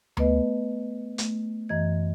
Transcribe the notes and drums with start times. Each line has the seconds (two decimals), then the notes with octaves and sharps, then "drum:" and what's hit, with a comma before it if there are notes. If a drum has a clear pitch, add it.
0.17 A3 B3 B4 D#5, drum: tom D2
1.18 A3, drum: hi-hat
1.69 F#2 E3 D#5 G#6